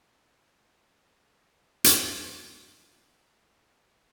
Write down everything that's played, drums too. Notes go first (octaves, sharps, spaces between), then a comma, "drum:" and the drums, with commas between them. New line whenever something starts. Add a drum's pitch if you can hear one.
F#4
C#4
G3
A4
D4
G3
E4
F#3
A4
drum: hi-hat
D#3 D#4 A#4 C5 F#5
F#3 D#5 B5
E3 F3 F4 C#5